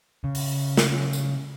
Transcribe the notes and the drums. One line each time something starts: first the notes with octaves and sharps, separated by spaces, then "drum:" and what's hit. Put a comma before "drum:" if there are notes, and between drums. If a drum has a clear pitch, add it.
C#3
drum: open hi-hat
drum: snare
drum: tambourine